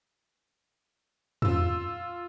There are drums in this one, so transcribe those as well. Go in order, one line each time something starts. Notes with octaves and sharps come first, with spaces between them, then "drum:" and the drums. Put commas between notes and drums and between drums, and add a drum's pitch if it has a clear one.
F4 E6, drum: tom